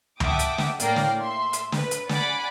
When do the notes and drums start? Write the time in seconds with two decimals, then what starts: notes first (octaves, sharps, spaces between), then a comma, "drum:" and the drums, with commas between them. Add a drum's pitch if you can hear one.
0.20 E5 F#5 G5 A5 D6 D#6, drum: tom C#2
0.39 drum: hi-hat
0.58 drum: snare
0.80 A2 A#3 D5 G5 A#6 C7, drum: hi-hat
0.96 drum: snare
1.21 E5 C6
1.53 drum: hi-hat
1.72 B4, drum: snare
1.91 drum: hi-hat
2.09 D5 F#5 G#5 B5 D6, drum: snare